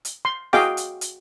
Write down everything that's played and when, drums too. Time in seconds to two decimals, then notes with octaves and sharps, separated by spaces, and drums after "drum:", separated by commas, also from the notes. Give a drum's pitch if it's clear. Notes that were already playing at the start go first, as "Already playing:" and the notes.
0.05 drum: hi-hat
0.25 C6
0.53 F#4 G#4 D#5 F5 G5 D6, drum: snare E4
0.77 drum: hi-hat
1.01 drum: hi-hat